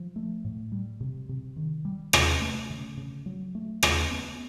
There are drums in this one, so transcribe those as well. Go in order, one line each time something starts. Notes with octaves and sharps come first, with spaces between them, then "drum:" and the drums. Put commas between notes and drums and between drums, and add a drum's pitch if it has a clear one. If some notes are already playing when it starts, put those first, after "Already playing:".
Already playing: F3
A3
A2
G3
C3
C3
D#3
G3
C3, drum: rim click
A3
C#3
C#3
F#3
A3
C#3, drum: rim click
B3